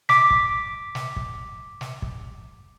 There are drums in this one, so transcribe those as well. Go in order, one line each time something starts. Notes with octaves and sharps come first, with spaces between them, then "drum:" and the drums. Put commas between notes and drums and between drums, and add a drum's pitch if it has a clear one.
D6 B6, drum: snare
drum: kick
drum: snare
drum: kick
drum: snare
drum: kick